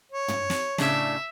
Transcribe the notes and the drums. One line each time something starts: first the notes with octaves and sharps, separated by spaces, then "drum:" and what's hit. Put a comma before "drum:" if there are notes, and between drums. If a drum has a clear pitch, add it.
C#5
drum: tom
drum: snare
A2 C#3 D4 E5, drum: snare